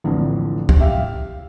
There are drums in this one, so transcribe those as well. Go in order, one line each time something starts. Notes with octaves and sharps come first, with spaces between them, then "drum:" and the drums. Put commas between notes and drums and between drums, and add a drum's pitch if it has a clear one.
A#1 F2 A2 D3 E3
drum: kick
G4 E5 F5